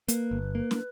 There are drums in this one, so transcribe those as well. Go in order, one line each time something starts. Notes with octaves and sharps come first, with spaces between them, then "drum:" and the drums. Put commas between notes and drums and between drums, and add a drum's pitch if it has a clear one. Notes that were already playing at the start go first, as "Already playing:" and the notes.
A#3 B4, drum: hi-hat
G1
A#3
drum: snare